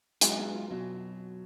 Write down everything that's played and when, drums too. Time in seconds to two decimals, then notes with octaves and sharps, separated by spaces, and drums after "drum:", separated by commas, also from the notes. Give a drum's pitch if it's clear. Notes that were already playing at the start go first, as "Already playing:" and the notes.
0.21 F#3 G#3, drum: hi-hat
0.38 B3
0.54 F4
0.71 B2 F#3